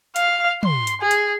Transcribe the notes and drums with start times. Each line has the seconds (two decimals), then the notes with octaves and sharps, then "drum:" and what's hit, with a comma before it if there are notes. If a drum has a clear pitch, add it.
0.16 F5, drum: hi-hat
0.63 C6, drum: tom
0.87 drum: hi-hat
1.02 G#4
1.11 drum: hi-hat